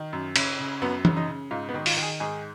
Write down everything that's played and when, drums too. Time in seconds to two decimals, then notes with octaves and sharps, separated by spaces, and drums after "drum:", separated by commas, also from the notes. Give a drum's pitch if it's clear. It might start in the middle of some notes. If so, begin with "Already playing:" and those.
Already playing: D#3
0.13 F#2
0.36 C#3, drum: cymbal
0.59 C#3
0.82 F#2 B3
1.05 C#3, drum: tom
1.16 D#4
1.28 C#3
1.51 G#2 F4
1.69 B3
1.74 D#3
1.86 F4, drum: open hi-hat
1.97 D#3
2.03 G#4
2.20 G#2 G#4